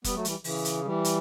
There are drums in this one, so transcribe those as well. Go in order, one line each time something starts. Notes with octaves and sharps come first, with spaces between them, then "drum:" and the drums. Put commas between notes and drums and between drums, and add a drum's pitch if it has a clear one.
G3 B3, drum: kick, hi-hat
F#3 A3
E3 G3, drum: hi-hat
C#3 E3, drum: open hi-hat
drum: hi-hat
E3 G3
drum: hi-hat